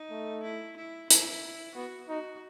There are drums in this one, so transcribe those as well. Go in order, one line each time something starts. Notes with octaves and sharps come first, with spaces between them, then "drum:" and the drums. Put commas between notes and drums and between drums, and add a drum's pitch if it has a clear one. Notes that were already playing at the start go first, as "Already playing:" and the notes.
Already playing: D#4
A3
E4
E4
E4, drum: hi-hat
B3 F#4
D#4 F#4